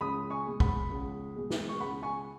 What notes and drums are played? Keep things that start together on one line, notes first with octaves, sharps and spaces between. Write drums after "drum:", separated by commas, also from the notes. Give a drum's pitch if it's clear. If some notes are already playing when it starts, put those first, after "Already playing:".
C#2 B5 D#6
G#5 C#6
B2 G#3
F#5 B5, drum: kick
C#2
B2 G#3
drum: snare
C#6
C#2 F#5 B5
G#5 C#6